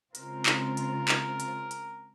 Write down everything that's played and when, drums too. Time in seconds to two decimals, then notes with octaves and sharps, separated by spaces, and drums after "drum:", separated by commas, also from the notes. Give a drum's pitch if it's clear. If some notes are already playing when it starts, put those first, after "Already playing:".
0.15 C#3 G#3 C4 F4 A#4, drum: hi-hat
0.46 drum: clap
0.77 drum: hi-hat
1.08 drum: clap
1.40 drum: hi-hat
1.71 drum: hi-hat